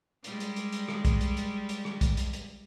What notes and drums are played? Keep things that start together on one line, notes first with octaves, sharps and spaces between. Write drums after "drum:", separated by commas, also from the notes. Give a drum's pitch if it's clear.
G3 G#3, drum: hi-hat
drum: hi-hat
drum: hi-hat
drum: hi-hat
drum: rim click
drum: kick, hi-hat
drum: hi-hat
drum: hi-hat
drum: hi-hat
drum: rim click
drum: kick, hi-hat
drum: hi-hat
drum: hi-hat